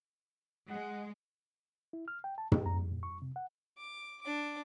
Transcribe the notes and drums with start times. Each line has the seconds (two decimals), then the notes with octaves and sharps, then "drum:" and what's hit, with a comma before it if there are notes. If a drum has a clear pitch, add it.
0.70 G#3 F#5
1.93 E4
2.08 F6
2.24 G5
2.38 A5
2.52 G4, drum: tom
2.66 A#5
2.79 F2
2.92 A#2
3.03 C#6
3.22 C3
3.36 F#5
3.78 D6
4.22 D4 D6